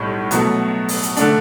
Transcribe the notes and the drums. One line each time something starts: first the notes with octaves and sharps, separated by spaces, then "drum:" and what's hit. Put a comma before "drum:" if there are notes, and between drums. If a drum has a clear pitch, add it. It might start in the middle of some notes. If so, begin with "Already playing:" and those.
Already playing: B1 A2 G3
B2 F#3 A3, drum: hi-hat
drum: open hi-hat
drum: hi-hat
D3 A3 D4, drum: hi-hat